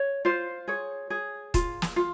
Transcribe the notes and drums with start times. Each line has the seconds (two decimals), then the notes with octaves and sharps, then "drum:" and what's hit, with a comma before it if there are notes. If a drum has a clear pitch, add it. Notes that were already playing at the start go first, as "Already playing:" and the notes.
Already playing: C#5
0.25 F4 C5
0.68 G#4 C#5
1.10 G#4
1.54 F4, drum: kick D#1, hi-hat
1.82 drum: snare
1.96 F4